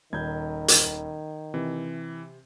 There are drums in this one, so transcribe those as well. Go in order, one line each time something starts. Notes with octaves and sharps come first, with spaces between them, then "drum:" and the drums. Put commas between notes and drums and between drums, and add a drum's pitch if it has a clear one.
D#1 D#3 G6 G#6
drum: hi-hat
C3 E3